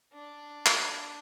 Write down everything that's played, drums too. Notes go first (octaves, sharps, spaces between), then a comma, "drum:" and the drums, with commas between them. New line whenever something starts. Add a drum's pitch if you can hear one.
D4
drum: clap